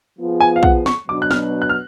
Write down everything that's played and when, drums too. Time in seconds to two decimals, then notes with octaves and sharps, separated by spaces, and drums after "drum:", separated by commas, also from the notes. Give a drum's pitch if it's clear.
0.18 F3 B3 F4 G#4
0.40 G#5
0.56 F5
0.63 F#5, drum: kick
0.86 C#6, drum: snare
1.08 B2 F#3 B3 D4 D6
1.22 F#6
1.31 F6, drum: snare
1.62 F#6
1.69 F6